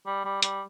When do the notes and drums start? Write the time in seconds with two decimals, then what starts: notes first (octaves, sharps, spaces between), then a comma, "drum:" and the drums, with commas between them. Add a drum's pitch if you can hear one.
0.06 G3
0.25 G3
0.42 G3, drum: hi-hat